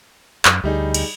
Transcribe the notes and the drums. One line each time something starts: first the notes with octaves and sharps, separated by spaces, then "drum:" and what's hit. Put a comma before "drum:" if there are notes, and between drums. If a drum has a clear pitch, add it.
F#2, drum: clap
D2 G3 D#4 G#4
drum: cymbal